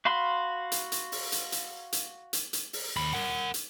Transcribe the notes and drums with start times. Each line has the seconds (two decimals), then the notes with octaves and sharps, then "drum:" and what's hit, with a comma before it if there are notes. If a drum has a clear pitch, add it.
0.05 F#4 F5 B5 C6
0.72 drum: hi-hat
0.92 drum: hi-hat
1.12 drum: open hi-hat
1.32 drum: hi-hat
1.52 drum: hi-hat
1.93 drum: hi-hat
2.33 drum: hi-hat
2.53 drum: hi-hat
2.73 drum: open hi-hat
2.97 D#2 B5
3.13 A#4 F#5
3.54 drum: hi-hat